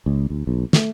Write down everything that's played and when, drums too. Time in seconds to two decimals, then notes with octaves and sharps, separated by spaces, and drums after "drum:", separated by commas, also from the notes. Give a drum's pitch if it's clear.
0.06 C#2
0.30 D2
0.47 B1
0.73 A3, drum: snare